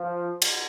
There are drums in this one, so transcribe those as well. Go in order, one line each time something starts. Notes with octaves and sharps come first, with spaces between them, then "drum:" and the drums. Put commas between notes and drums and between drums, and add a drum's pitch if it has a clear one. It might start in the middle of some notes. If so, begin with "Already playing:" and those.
Already playing: F3
drum: cymbal